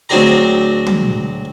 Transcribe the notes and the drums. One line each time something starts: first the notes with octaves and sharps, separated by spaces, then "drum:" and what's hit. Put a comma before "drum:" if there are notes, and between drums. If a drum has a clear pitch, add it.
D2 F#3 C4 D4 G#4 A#5
drum: tom